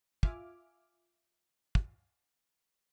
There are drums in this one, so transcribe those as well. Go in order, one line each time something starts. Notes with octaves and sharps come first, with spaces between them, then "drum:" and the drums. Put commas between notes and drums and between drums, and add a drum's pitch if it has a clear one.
F4 E5 G#5 D6 F6, drum: kick
drum: kick